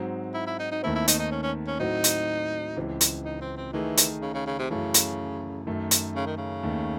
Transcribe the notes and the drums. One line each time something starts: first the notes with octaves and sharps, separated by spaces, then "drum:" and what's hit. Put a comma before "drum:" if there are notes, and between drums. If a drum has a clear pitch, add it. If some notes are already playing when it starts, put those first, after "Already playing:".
Already playing: G#2 F#3 C4 D#4
E4
E4
D#4
D#4
D#2 D#3 A3 C4 E4
E4
D#4, drum: hi-hat
D#4
C#4
C#4
C#4
A2 F#3 C4 D#4 F#4
drum: hi-hat
C#2 C#3 E3 C4
drum: hi-hat
D#4
C4
C4
D#3 E3 A3 D#4 G#4
drum: hi-hat
C#3
C#3
C#3
C3
F#2 C#3 E3 A3
drum: hi-hat
F#2 D#3 A3
drum: hi-hat
C#3
D#3
C#3
D#2 D#3 A3